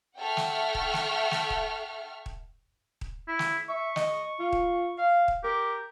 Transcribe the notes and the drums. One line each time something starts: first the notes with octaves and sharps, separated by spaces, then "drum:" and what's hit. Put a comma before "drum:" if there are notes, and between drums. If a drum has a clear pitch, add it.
A4 E5 F#5 G5 C#6 F6
drum: snare
drum: kick D#1
drum: snare
drum: snare
drum: kick D#1
drum: kick D#1
drum: kick D#1
E4
drum: snare
E5 C#6
D#5, drum: snare
F4
drum: kick D#1
F5
drum: kick D#1
G4 A#4